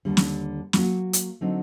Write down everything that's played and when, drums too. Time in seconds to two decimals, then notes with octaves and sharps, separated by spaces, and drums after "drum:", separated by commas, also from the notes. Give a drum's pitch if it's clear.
0.05 D#2 D3 G3
0.17 drum: snare
0.73 F#3 A#3 F#4, drum: snare
1.13 drum: hi-hat
1.41 D3 F#3 C4 D#4 A4